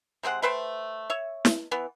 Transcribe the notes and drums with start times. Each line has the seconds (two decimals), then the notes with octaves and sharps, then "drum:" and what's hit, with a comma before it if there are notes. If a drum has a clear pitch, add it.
0.23 C3 G#3 C4 F#5
0.42 A3 B4 C5 G5
1.10 C#5 E5
1.45 drum: snare
1.71 E3 B3